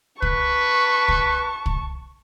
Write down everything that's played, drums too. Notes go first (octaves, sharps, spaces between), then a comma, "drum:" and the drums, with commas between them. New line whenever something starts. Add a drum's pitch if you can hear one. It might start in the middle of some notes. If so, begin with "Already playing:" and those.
B4 A5 C#6, drum: kick
drum: kick
drum: kick